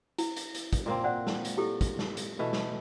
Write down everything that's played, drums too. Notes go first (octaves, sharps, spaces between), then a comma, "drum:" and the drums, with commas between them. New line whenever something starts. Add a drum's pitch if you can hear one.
E4, drum: hi-hat
drum: hi-hat
drum: hi-hat
drum: kick, hi-hat
A#2 A#3 C4
C5 D5 F#5
drum: snare
drum: hi-hat
E4 G4 A4
drum: kick, hi-hat
drum: snare
drum: hi-hat
B2 E3 A3
drum: snare